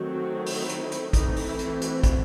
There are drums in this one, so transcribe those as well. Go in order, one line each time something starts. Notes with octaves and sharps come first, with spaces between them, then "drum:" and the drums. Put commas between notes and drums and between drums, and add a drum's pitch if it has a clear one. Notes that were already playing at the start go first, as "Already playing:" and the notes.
Already playing: D#3 F#3 A3 C4
F#4
E4, drum: open hi-hat
drum: hi-hat
E4
drum: hi-hat
E3 A3 C4 D#4, drum: kick, hi-hat
drum: open hi-hat
E4
drum: hi-hat
F#4, drum: hi-hat
drum: kick, hi-hat